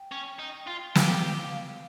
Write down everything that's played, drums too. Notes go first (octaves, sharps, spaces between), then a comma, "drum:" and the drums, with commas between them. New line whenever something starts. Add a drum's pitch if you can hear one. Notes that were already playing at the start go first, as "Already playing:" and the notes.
Already playing: G5
C#4
D#4
F4
G4 F5, drum: snare
F5